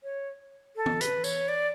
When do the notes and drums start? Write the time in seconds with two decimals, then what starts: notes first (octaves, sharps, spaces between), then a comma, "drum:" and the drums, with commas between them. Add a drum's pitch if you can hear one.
0.03 C#5
0.76 A4
0.86 drum: tom
1.01 B4, drum: hi-hat
1.24 C#5, drum: tambourine
1.48 D5